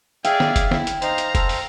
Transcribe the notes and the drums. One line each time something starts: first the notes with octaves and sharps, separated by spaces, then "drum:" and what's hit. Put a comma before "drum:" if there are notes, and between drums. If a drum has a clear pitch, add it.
G#4 D5 E5 F5 G5, drum: hi-hat
drum: snare
drum: kick F1, hi-hat
E4, drum: snare
drum: hi-hat
D#4 C5 F5 A#5 C6, drum: hi-hat
drum: hi-hat
A4 C5, drum: kick F1, hi-hat
drum: open hi-hat